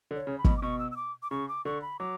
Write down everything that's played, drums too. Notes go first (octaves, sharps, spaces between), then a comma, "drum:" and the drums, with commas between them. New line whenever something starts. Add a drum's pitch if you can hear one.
D3
C#5
C#3
B5
B2, drum: kick
D6
B2 C#6
E6
E6
D6
D6
C#3 C#6
D6
D3 C#6
B5
F#3 D6